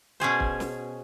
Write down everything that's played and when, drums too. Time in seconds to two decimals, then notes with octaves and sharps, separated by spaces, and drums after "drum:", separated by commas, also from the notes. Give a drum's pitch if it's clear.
0.20 B2 C#4 G#4 C5
0.40 drum: kick
0.60 drum: snare